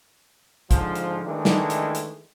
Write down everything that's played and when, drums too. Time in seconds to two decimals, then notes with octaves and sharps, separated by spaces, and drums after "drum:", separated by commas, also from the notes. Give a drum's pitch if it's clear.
0.71 G#2 D3 F3, drum: kick, hi-hat
0.95 drum: hi-hat
1.25 D#3 E3 G#3 A3 D4
1.45 drum: snare
1.70 drum: hi-hat
1.95 drum: hi-hat